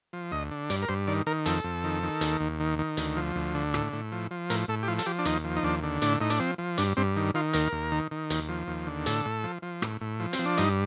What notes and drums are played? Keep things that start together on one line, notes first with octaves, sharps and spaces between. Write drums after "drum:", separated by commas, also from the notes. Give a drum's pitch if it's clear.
F3
D2 D#5
D3
G2 D5, drum: hi-hat
A#4
G2 C5
D#3 D5
D#3 A#4
F2 A4, drum: hi-hat
F2
D#3
D#3
D#2, drum: hi-hat
D#2
D#3
D#3
D2, drum: hi-hat
F3
D2
D3
A2, drum: rim click
A2
F3
F3
A2 A#4, drum: hi-hat
A2 A4
G4
F3 F4
A4, drum: hi-hat
F3 G4
D4
D#2 D#4, drum: hi-hat
F3
D#4
D#2 D4
D3
A2 D4, drum: hi-hat
A2 D#4
D4, drum: hi-hat
F3 C4
F3
G2 D4, drum: hi-hat
G2 C4
D#3
D#3 F4
D#2 A#4, drum: hi-hat
D#2
D#3
D#3
D#2, drum: hi-hat
F3
D#2
D3
A2 A4, drum: hi-hat
A2
F3
F3
A2, drum: rim click
A2
F3
C4, drum: hi-hat
F3
D4
G2 D#4, drum: hi-hat